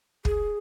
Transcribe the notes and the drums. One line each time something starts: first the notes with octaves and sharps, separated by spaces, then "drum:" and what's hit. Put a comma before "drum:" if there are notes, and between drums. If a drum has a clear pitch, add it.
G#4, drum: kick